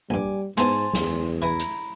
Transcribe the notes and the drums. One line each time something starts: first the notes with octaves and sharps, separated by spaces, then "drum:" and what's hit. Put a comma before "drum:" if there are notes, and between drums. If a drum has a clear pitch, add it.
A#1 G2 G3 G#5 D6
G#2 G#3 B3 E4 C5 G#5 A5, drum: hi-hat
E2, drum: snare
E3 E4 G#5 A#5
drum: hi-hat